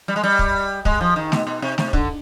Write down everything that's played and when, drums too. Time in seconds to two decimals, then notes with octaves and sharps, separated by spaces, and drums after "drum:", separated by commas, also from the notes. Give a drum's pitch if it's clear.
0.08 G3
0.16 G#3
0.23 G3
0.39 drum: kick
0.85 G#3, drum: kick
1.01 F3
1.16 D#3
1.32 B2, drum: snare
1.47 B2
1.62 C3
1.78 C3, drum: snare
1.93 D3, drum: kick